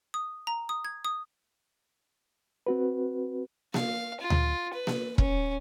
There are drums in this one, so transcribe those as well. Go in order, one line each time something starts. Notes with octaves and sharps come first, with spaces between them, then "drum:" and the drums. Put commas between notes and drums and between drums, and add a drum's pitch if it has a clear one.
D#6
A#5
D#6
G#6
D#6
C4 F#4 B4
F5, drum: snare A#3
F4
drum: tom D2
B4
drum: snare A#3
C#4, drum: kick E1